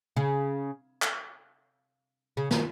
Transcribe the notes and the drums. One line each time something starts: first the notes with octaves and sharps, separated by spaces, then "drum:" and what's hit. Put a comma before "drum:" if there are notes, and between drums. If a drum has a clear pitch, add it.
C#3
drum: clap
C#3
D#3, drum: snare